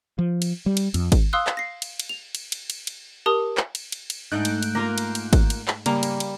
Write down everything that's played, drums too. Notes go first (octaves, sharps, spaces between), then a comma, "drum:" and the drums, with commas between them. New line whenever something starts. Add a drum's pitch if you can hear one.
F3
drum: cymbal
G3
drum: cymbal
F2, drum: cymbal
drum: kick G#1, cymbal
F5 C6 D#6 E6 F#6
drum: clap
A#6 C7
drum: cymbal
drum: cymbal
F7
drum: cymbal
drum: cymbal
drum: cymbal
drum: cymbal
G4 A#4 A5 D#6
drum: clap
drum: cymbal
drum: cymbal
drum: cymbal
G#2 A3 D#4 F#6 G6 D7
drum: cymbal
drum: cymbal
A#3 F4 A#4
drum: cymbal
drum: cymbal
drum: kick G#1, cymbal
drum: cymbal
drum: clap
C#3 G3 A#3 A#5, drum: cymbal
drum: cymbal
drum: cymbal